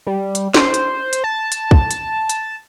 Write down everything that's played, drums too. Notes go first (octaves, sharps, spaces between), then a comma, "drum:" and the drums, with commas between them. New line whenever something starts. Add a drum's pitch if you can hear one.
G3
drum: hi-hat
C5, drum: snare
drum: hi-hat
drum: hi-hat
A5
drum: hi-hat
drum: kick
drum: hi-hat
drum: hi-hat